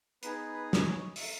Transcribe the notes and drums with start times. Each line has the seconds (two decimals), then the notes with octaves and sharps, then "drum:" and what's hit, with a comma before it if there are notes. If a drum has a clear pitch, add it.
0.23 B3 D#4 G#4 B4, drum: hi-hat
0.53 B4
0.73 drum: snare
0.85 C#5
1.16 E5, drum: open hi-hat